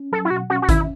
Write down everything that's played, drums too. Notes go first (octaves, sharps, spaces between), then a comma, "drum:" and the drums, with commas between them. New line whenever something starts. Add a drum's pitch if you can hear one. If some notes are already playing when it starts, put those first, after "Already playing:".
Already playing: C#4
F#3 A4
E4
B2 F#4
C#4 F#4
F#4
D#3 E4, drum: kick G#1, hi-hat